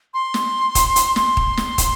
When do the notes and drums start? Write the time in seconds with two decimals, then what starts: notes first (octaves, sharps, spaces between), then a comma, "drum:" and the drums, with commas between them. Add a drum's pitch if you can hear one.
0.14 C6
0.34 drum: snare
0.75 drum: kick, hi-hat
0.96 drum: hi-hat
1.16 C6, drum: snare
1.37 drum: kick
1.57 drum: snare
1.78 drum: kick, hi-hat